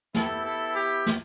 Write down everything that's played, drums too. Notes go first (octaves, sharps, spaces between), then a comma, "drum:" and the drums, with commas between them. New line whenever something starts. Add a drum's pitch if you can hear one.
B3 E4 G4 A4, drum: snare
A4
G4
drum: snare